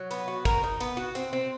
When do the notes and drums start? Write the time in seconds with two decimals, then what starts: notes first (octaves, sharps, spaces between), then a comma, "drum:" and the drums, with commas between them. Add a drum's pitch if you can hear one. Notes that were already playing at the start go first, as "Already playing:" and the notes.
Already playing: F#3
0.11 B3, drum: hi-hat
0.28 F#4
0.45 A#4, drum: kick, hi-hat
0.63 D#4
0.80 B3, drum: hi-hat
0.97 F#4
1.15 C4, drum: hi-hat
1.33 C4